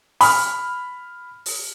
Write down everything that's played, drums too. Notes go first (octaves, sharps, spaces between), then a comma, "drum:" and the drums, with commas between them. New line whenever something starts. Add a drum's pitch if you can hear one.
B5 F6, drum: open hi-hat
drum: open hi-hat